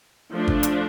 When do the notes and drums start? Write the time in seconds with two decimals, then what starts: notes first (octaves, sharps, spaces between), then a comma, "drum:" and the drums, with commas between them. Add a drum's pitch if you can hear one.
0.32 F3 A3 D4
0.48 drum: kick G1
0.63 drum: hi-hat